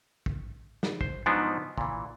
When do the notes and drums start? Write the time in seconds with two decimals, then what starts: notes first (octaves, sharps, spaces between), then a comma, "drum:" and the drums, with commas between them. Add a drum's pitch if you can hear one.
0.26 drum: kick
0.83 drum: snare
1.01 C5, drum: kick
1.26 G#2 F3 F#3 B3 D4 D#4
1.78 A#2 E3, drum: kick